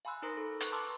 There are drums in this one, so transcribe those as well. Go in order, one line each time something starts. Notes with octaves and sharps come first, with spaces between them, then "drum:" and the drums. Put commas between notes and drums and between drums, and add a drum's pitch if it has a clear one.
F5 G#5 B5 C6 E6 F#6
D#4 A#4 C5 A#5 D#6 A#6
A4
B4 C#6 F#6, drum: hi-hat
A5 A#5 C6 D6 E6 F6